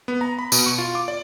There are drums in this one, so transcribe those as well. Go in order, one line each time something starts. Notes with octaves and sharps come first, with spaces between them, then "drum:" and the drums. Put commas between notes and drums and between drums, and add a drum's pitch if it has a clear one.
B3
A#5
B5
B2, drum: tambourine
C#6
F4
D6
D5